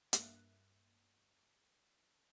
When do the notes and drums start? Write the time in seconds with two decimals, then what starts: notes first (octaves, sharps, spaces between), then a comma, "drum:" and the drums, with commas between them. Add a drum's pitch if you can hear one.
0.13 G2 A#3 E5 F#6, drum: hi-hat